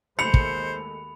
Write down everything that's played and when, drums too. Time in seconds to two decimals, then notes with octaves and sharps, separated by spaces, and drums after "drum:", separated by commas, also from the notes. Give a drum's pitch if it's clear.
0.19 D#2 G#3 A3 C5 B5 C#7 F7
0.34 drum: kick